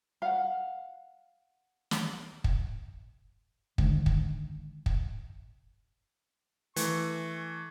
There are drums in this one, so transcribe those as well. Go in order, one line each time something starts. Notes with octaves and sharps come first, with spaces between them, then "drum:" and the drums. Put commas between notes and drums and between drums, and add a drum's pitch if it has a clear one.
F5 F#5
drum: snare
drum: kick
D3 D#3 G#3 C#4, drum: kick
drum: kick
drum: kick
E3 A3 C#6, drum: hi-hat